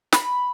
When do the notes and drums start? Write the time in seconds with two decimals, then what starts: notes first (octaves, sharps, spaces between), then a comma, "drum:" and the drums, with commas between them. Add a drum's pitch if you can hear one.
0.12 B5, drum: snare